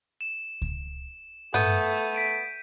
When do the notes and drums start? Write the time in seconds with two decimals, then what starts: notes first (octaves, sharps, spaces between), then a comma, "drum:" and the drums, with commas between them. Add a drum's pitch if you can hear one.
0.21 E7
0.62 drum: kick C#2
1.54 A3 B3 G6 D#7, drum: tom G2
2.15 B6 D7 D#7